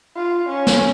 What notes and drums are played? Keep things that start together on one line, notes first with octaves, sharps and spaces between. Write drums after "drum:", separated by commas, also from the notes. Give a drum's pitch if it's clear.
F4
C#4
drum: snare